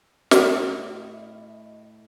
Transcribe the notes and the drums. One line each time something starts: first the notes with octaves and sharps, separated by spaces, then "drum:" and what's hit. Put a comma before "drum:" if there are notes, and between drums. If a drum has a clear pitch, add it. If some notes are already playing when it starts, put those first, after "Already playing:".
A2 G#4 A4 D#5 E5, drum: snare